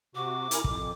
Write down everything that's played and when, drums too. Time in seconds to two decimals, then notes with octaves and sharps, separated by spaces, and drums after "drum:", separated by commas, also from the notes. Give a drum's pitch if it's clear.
0.15 C3 F#4 D6
0.51 E4 A#4 G#5, drum: hi-hat
0.64 F2, drum: kick